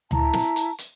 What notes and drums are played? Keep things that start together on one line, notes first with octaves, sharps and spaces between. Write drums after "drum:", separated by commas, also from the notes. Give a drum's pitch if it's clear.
E4 A5 A#5, drum: tom D2
drum: snare
drum: hi-hat
drum: hi-hat